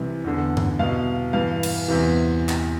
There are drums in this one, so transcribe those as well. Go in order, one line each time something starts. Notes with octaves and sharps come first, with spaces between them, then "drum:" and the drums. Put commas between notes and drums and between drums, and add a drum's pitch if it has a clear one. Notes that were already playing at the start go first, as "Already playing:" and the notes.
Already playing: C2 C3 E3
E2 D3
drum: tom G2
C2 B2 F5
G2 E3 F5
drum: cymbal
E2 C3 E3
drum: clap